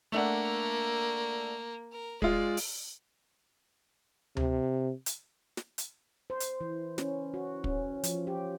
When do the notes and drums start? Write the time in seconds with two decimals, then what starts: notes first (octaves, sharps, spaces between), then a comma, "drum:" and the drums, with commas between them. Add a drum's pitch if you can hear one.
0.12 A3 A#3 D4 F#5
1.92 A#4
2.22 G#3 F4 D5, drum: kick
2.57 drum: open hi-hat
4.37 C3, drum: tom D2
5.06 drum: hi-hat
5.57 drum: snare
5.78 drum: hi-hat
6.30 C5
6.40 drum: hi-hat
6.61 E3
6.98 C#4, drum: snare
7.34 F#4
7.64 C#4, drum: kick
8.03 F3, drum: hi-hat
8.27 G4